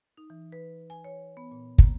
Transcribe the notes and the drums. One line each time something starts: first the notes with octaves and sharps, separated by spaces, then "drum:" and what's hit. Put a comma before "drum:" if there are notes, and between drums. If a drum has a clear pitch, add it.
D#4
E3
B4
G#5
C#5
B3
A#2
A#3, drum: kick